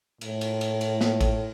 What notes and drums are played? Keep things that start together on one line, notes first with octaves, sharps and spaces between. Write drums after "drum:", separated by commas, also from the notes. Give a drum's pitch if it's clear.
A2, drum: cymbal
drum: cymbal
drum: cymbal
drum: cymbal
drum: snare
drum: kick A1, cymbal